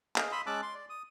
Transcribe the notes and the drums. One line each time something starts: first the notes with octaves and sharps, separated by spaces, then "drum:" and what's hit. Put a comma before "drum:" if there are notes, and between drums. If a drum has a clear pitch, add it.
G#4 D#5 F5, drum: clap
B5 C6 D#6 E6
G#3 C#4 A5 D6 E6 F#6
C6
D5
D#6